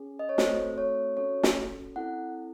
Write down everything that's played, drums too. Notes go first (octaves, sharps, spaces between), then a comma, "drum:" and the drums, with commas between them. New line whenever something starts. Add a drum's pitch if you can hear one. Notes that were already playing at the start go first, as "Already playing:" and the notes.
Already playing: C#4 G#4
D#5
C#5
A3 C4 F#4 A4 C5, drum: snare
C#5
C#4 F#4 A4 C#5
drum: snare
C4 E4 A4 F#5